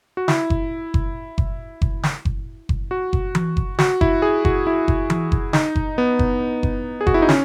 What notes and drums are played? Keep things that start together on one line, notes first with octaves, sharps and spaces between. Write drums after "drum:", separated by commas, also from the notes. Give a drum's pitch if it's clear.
F#4
E4, drum: snare
drum: kick F#1
drum: kick F#1
drum: kick F#1
drum: kick F#1
drum: snare
drum: kick F#1
drum: kick F#1
F#4
drum: kick F#1
drum: tom E3
drum: kick F#1
F#4, drum: snare
E4, drum: kick F#1
G#4
F#4, drum: kick F#1
E4
drum: kick F#1
drum: tom E3
drum: kick F#1
D#4, drum: snare
drum: kick F#1
B3
drum: kick F#1
drum: kick F#1
G#4
F#4, drum: kick F#1
E4
D#4
C#4, drum: snare